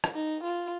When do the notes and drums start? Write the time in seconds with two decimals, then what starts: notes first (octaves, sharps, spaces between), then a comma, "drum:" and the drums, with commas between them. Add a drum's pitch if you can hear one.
0.04 drum: rim click
0.14 D#4
0.44 F4